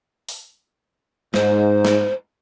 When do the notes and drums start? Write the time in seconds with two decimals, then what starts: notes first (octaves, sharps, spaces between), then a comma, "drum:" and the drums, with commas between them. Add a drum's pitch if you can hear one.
0.29 drum: open hi-hat
1.34 G#2 C5, drum: snare
1.85 drum: snare